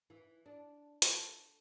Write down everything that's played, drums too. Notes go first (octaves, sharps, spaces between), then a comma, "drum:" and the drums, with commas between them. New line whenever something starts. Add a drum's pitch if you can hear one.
E3
D4
A4, drum: hi-hat